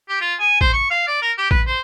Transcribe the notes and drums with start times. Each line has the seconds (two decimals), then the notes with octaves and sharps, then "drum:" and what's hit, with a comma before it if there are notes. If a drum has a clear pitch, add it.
0.09 G4
0.21 F4
0.40 G#5
0.61 C5, drum: kick A1
0.73 C#6
0.91 F5
1.07 D5
1.22 A#4
1.38 G4
1.51 B4, drum: kick A1
1.66 C5